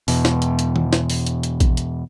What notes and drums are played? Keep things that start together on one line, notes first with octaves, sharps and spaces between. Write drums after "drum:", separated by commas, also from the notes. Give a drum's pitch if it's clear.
E2 B2, drum: open hi-hat
drum: snare
drum: hi-hat
drum: hi-hat
drum: tom D#3
drum: snare
drum: open hi-hat
drum: hi-hat
drum: hi-hat
drum: kick A#1, hi-hat
drum: hi-hat